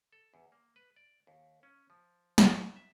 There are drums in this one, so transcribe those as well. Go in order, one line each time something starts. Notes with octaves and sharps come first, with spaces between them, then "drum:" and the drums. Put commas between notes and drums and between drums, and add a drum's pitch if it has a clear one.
A4
E2
A#3
B4
D5
D#2
C#4
F3
drum: snare
C#3
E5